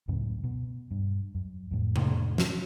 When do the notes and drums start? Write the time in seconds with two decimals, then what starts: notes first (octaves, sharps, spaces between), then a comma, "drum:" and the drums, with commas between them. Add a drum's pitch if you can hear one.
0.08 C#2 F#2 A2 C#3
0.44 B2
0.91 G2
1.35 F#2
1.71 F2 A2
1.96 drum: tom C3
2.38 drum: snare